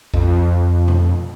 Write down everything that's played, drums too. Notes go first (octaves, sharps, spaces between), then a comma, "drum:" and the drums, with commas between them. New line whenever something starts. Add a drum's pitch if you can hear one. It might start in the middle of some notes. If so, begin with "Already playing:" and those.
F2, drum: kick A#1
drum: tom B2